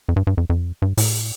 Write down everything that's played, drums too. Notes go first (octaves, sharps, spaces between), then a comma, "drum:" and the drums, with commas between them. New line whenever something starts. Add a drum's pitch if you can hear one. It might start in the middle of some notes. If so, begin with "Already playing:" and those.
F2
G2
G2
F2
F2
G2
A2, drum: open hi-hat